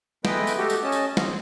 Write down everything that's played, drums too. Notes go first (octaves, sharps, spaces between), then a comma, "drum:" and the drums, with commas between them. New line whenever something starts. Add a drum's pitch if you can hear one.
G#3 A3 B3 B4 D#5 G5, drum: snare
drum: tambourine
A3 F#4 G4 A4
drum: tambourine
C#4 D#5 A5
drum: tambourine
C4, drum: snare